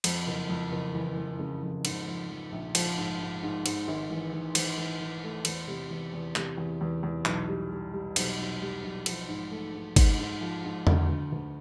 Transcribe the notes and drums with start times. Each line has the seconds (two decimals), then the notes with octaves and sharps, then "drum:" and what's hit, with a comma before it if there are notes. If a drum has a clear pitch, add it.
0.04 F2, drum: cymbal
0.27 F#1
0.49 F2
0.72 F#1
0.95 E3
1.17 E3
1.39 C#3
1.63 F2
1.85 G#2, drum: cymbal
2.07 F3
2.30 F3
2.52 A#1
2.75 F3, drum: cymbal
2.98 G#2
3.20 G#2
3.43 G#2
3.66 G#2, drum: cymbal
3.88 G#1
4.10 E3
4.32 E3
4.55 E3, drum: cymbal
4.78 E3
5.01 E3
5.23 A3
5.45 E2, drum: cymbal
5.68 C3
5.91 E2
6.13 E2
6.36 C3, drum: clap
6.58 E2
6.81 E2
7.03 E2
7.25 B1, drum: clap
7.49 G3
7.71 G3
7.94 G3
8.16 B1, drum: cymbal
8.39 B1
8.61 G3
8.83 B1
9.06 F3, drum: cymbal
9.29 G#2
9.51 A3
9.74 G#2
9.96 G#2, drum: kick G1, cymbal
10.19 G#2
10.41 F3
10.64 G#2
10.87 D2, drum: tom E2
11.09 D2
11.32 D2